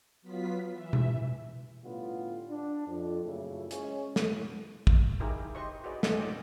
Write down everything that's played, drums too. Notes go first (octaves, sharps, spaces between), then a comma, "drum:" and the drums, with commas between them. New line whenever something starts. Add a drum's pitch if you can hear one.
F#3 B3 F4 B6
E3 E5
drum: tom B2
A2 D3 G3 B3 F4
D4
F2
F#2 A#2 C#3 A3 E4
G#3 C#4, drum: hi-hat
drum: snare
drum: kick
D#4 E4 G4 G#4 A#4
G4 C5 D#5 C#6
F#4 G#4 B4 D5 D#5
C#4 D4 D#5 E5 F#5 E6, drum: snare
D5 D#5 G5